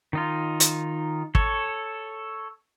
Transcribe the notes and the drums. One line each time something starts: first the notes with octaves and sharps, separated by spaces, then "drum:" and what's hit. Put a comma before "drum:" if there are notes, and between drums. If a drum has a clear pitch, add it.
D#3 D#4 F4
drum: hi-hat
A4 C#5, drum: kick